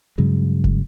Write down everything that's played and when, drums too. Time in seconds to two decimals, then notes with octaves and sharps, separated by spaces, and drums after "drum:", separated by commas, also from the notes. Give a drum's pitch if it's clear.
0.18 G2 C#3 F#3 G#3
0.64 drum: kick F1